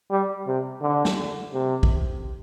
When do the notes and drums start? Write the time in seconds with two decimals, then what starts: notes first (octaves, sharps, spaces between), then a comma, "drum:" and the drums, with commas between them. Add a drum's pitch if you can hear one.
0.10 G3
0.47 C3
0.82 D3
1.05 drum: snare
1.54 C3
1.83 drum: kick A#1